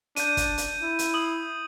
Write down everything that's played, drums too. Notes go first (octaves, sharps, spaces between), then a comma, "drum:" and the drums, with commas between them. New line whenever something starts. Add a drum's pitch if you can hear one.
D4 G6 D#7, drum: hi-hat
drum: kick, hi-hat
drum: hi-hat
E4
drum: hi-hat
D#6 F#7